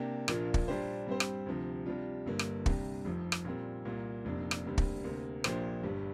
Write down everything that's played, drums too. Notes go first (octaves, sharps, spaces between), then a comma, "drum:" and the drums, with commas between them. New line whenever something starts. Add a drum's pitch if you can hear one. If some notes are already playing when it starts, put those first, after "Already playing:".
Already playing: C3 A#3 D4 G4
A#1 A#2 A#3 D4 F4, drum: rim click
drum: kick
A#2 G3 D4 G4 C5
G2 G3 C4 G4 C5
drum: rim click
D2 C3 F3
C3 G3 D4 F4
G1 G2 D3 A#3
drum: rim click
C2 C3 G3 D4 G4, drum: kick
F1 F2 F3
drum: rim click
A#2 G3 C4 A#4
C2 A#2 A#3
F1 F2 C3 A#3 D4
drum: rim click
D2 C3 G3 A#3 D4
drum: kick
D2 C3 A#3
A#1 A#2 A#3 G4 C5, drum: rim click
G1 G2 G3